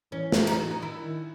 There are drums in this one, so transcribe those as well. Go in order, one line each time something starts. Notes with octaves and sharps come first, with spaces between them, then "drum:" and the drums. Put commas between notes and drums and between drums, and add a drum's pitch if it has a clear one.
E3 C#4
drum: snare
E3 D#4, drum: cymbal
F#4
D#4
D#3 E4